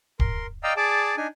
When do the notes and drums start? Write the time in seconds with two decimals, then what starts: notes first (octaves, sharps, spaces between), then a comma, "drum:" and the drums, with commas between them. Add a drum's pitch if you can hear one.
0.20 A#4 C6, drum: kick
0.63 D5 D#5 F5 G5 A#5 E6
0.77 G#4 D5 A5 D6
1.17 D4 D#4 G#5